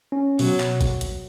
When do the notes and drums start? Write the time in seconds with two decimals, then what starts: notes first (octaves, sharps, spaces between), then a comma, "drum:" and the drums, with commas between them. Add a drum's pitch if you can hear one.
0.12 C#4
0.39 B2 F#3, drum: open hi-hat
0.60 drum: clap
0.81 drum: kick G#1, hi-hat
1.01 drum: hi-hat